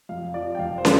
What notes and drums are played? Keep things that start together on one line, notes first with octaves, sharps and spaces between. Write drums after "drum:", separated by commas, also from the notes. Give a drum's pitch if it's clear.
F2 F5
F3 D5
G5
F1 F5
C5
D5, drum: snare